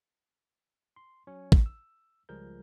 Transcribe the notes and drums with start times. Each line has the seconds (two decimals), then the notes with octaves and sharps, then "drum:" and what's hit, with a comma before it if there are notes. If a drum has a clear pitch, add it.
0.96 C6
1.27 F#3 C#4 C#5
1.52 drum: kick
1.66 E6
2.29 C#2 F3 G3 G#4 A#4 G6